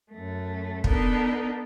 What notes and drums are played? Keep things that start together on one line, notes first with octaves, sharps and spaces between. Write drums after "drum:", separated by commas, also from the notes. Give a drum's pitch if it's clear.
F#2 A3
B3 D4 D#4 A4 A#4, drum: kick